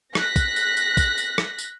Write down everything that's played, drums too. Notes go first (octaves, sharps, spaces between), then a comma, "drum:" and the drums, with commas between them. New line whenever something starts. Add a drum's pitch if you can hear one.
F#6 A#6 B6, drum: rim click
drum: kick, tambourine
drum: tambourine
drum: tambourine
drum: kick, tambourine
drum: tambourine
drum: rim click
drum: tambourine